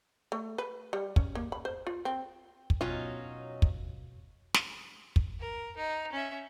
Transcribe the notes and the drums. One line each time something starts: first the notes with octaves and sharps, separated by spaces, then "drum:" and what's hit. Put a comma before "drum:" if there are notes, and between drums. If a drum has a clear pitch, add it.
A3
B4
G3
C#4, drum: kick
A#3
B5
C5
F4
C4
drum: kick
B2 F#3 C#4 D#4 F4
drum: kick
drum: snare
drum: kick
A#4
D#4
C#4 E5